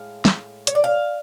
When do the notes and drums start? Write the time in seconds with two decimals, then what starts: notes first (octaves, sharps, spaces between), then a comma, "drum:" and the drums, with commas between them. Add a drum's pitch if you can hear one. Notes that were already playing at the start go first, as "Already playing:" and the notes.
Already playing: A2 G#3 F5
0.25 drum: snare
0.67 C#5, drum: hi-hat
0.75 D5
0.84 F5